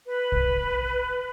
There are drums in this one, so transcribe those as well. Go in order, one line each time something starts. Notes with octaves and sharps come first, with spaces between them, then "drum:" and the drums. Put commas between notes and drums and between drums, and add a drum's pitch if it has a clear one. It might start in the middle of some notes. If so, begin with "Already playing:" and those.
B4
drum: kick